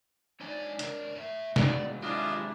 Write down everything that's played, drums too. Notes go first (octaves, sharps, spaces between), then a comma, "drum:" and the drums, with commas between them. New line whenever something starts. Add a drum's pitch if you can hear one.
D4 D#4 C#5 D5 G#5
C#2 A#4, drum: hi-hat
A2 E5
B2 G#3 F#4 D5, drum: snare
C3 G3 G#3 D4 E4 F4 D#5